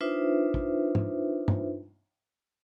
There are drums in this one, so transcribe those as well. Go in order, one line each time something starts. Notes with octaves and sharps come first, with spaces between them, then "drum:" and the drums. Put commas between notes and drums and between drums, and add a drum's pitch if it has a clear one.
D4 D#4 F4 B4 C5 E5
drum: kick
drum: tom
drum: tom